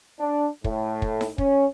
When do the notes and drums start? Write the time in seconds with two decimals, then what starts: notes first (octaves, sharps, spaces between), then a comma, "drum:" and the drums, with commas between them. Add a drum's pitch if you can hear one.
0.19 D4
0.64 A2, drum: kick
1.02 drum: kick
1.21 drum: snare D#4
1.38 C#4, drum: kick